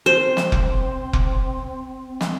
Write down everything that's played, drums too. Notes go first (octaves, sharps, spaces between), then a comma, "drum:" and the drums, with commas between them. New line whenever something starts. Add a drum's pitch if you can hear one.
C4 C5
drum: snare
drum: kick F1
drum: kick F1
drum: snare